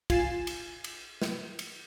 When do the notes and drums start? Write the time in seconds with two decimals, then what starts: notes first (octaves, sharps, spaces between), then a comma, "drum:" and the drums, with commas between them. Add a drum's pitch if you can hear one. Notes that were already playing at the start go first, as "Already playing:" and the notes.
0.10 F4 G#5 A6 C7 E7, drum: kick, cymbal
0.47 drum: cymbal
0.84 drum: cymbal
1.22 drum: snare
1.59 drum: cymbal